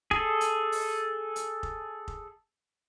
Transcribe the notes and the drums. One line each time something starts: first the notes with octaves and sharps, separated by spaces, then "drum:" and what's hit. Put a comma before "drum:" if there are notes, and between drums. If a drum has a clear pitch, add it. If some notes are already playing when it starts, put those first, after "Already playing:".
G#4 A4, drum: kick F1
drum: hi-hat
drum: open hi-hat
drum: hi-hat
drum: kick F1
drum: kick F1